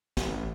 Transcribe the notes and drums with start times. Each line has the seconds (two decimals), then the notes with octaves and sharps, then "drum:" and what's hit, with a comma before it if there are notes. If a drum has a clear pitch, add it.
0.17 A1, drum: snare